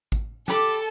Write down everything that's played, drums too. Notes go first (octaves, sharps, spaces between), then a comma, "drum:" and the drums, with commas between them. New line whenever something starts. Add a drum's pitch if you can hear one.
drum: kick G#1, tambourine
G4 A4 A5 B5 D6, drum: snare